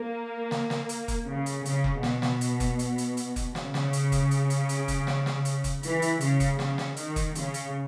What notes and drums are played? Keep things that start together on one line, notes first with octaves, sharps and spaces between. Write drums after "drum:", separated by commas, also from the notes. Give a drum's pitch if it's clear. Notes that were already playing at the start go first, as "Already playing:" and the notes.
Already playing: A#3
drum: snare
drum: snare
drum: hi-hat
drum: kick F1, hi-hat
C#3
drum: hi-hat
C#3, drum: hi-hat
drum: kick F1
B2, drum: snare
drum: snare
drum: hi-hat
drum: kick F1, hi-hat
drum: hi-hat
drum: hi-hat
drum: hi-hat
drum: kick F1, hi-hat
C#3, drum: snare
drum: snare
drum: hi-hat
drum: kick F1, hi-hat
drum: hi-hat
drum: hi-hat
drum: hi-hat
drum: kick F1, hi-hat
drum: snare
drum: snare
drum: hi-hat
drum: kick F1, hi-hat
E3, drum: hi-hat
drum: hi-hat
C#3, drum: hi-hat
drum: kick F1, hi-hat
C#3, drum: snare
drum: snare
D#3, drum: hi-hat
drum: kick F1, hi-hat
C#3, drum: hi-hat
drum: hi-hat